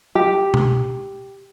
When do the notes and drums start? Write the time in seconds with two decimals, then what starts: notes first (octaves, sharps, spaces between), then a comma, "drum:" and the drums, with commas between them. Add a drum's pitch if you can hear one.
0.15 G4
0.54 drum: tom